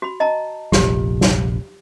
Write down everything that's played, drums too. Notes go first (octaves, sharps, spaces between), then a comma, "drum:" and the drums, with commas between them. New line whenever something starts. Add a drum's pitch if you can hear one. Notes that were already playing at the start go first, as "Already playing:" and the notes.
F#4 B5
D#5 A5 A#5
F1 A#1 G4, drum: snare
drum: snare